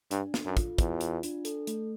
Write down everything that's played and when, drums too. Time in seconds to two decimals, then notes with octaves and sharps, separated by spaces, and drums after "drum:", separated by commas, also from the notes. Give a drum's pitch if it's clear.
0.11 G2 D4, drum: hi-hat
0.34 A4, drum: snare
0.45 F#2
0.57 F4, drum: kick, hi-hat
0.78 E2 F4, drum: kick, hi-hat
1.01 F4, drum: hi-hat
1.23 D4, drum: hi-hat
1.45 A4, drum: hi-hat
1.67 A3, drum: hi-hat